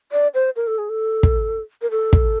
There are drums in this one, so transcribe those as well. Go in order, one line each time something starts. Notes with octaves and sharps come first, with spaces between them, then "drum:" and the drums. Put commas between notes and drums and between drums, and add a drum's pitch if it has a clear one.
D5
C5
A#4
A4
G#4
A4
drum: kick
A#4
A4
drum: kick